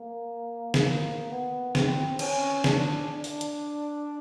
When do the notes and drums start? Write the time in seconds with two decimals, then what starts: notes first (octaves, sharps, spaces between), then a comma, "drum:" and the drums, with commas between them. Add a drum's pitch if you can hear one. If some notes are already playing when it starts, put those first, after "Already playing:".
Already playing: A#3
0.74 drum: snare
1.30 B3
1.75 C4, drum: snare
2.19 C#4, drum: cymbal
2.64 D4, drum: snare
3.08 D4
3.24 drum: open hi-hat
3.41 drum: hi-hat